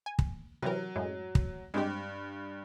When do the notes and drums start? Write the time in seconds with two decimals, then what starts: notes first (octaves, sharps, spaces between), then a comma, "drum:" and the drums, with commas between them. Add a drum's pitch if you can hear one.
0.06 G#5
0.19 drum: kick
0.62 C3 E3 F#3 A#4
0.96 F#2 A2 G#3
1.35 drum: kick
1.74 G2 G#3 C4 G4